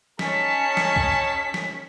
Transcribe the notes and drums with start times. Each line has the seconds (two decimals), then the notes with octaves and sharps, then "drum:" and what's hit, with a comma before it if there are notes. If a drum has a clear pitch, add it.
0.19 C#4 D#4 G#4 C#5 A5 B6, drum: snare
0.77 drum: snare
0.96 drum: kick C2
1.54 drum: snare